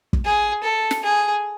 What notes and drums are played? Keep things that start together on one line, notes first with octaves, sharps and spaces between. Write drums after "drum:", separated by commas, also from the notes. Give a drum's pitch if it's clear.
drum: kick
G#4
A4
drum: snare
G#4